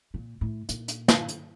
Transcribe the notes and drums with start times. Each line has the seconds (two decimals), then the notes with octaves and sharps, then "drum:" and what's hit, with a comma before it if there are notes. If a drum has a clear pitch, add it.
0.14 A#2
0.41 A2
0.69 A#2, drum: hi-hat
0.88 drum: hi-hat
1.08 drum: snare
1.28 drum: hi-hat